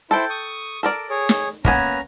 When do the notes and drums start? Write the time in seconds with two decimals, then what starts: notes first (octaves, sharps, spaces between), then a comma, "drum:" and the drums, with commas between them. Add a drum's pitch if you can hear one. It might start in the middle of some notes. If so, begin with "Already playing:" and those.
0.11 E4 A4 C5 G5
0.30 C#6 D#6
0.83 A4 A#4 D5
1.10 G#4 C#5
1.29 drum: snare
1.65 A#3 B3 C#4 G#5 A#5, drum: kick